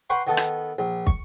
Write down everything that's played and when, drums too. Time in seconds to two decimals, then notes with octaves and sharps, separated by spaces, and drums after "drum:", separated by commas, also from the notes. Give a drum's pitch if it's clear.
0.10 B4 F#5 G5 C6 C#6
0.27 D#3 B3 A4
0.37 drum: rim click
0.79 A#1
1.07 C#6, drum: kick